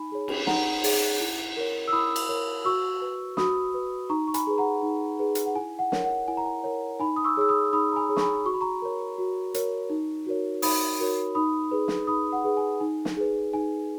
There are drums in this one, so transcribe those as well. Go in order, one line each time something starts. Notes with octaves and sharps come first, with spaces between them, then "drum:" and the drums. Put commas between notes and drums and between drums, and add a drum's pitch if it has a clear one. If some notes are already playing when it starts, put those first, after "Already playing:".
Already playing: D#4 G#5 B5
G#4 C#5
drum: cymbal
D#4 F#5 A#5, drum: snare
G#4 C#5, drum: open hi-hat
E4
A#4 C#5
E6
E4 B5 D#6
drum: cymbal
A#4 C#5
F#4 C#6 E6
B4
F#4 B5 D#6, drum: snare
B4
D#4 A#5 C#6
C#6
G#5 B5, drum: hi-hat
G#4 B4
F#5 A#5
D#4
G#4 B4
drum: hi-hat
F#5
E4 G#5
F#5
A#4 C#5, drum: snare
F#5
E4 G#5
A#5
G#5
A#4 C#5
D#4 G#5 B5
D#6
C#6 E6
G#4 C#5 E6
B5 D#6
D#4 B5 D#6
A#5
G#5 B5
G#4 C#5
C#6, drum: snare
G#5 B5
F#4 C#6
B5
A#5 C#6
A#4 C#5
F#4
A#4 C#5, drum: hi-hat
D#4
F#4 A#4 C#5
D#4 B5 D#6, drum: open hi-hat
F#4 A#4 C#5
D#4 B5 D#6
G#4 B4
drum: snare
D#4 B5 D#6
F#5
G#4 B4
G#5
D#4 G#5
drum: snare
G#4 B4
D#4 G#5